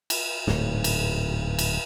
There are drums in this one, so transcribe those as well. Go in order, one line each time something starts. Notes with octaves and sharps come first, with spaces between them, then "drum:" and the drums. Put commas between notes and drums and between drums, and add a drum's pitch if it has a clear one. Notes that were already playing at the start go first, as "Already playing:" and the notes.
drum: cymbal
D1 G#2, drum: snare
drum: cymbal
drum: cymbal